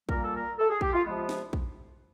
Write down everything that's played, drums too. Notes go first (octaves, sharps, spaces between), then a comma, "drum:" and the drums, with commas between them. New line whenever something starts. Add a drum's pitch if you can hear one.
A#2 G3 A#3 A#4, drum: kick
A4
A#4
A4
G#4
G4, drum: kick
F4
C3 F3 G#3 B3
drum: snare
drum: kick